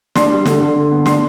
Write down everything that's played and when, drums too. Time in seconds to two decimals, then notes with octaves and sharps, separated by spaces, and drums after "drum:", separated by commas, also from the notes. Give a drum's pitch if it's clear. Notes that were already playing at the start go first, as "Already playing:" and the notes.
0.15 D4 C6, drum: snare
0.30 G3
0.46 D3, drum: snare
0.61 D3
0.76 D3
0.91 B3
1.06 D4 C6, drum: snare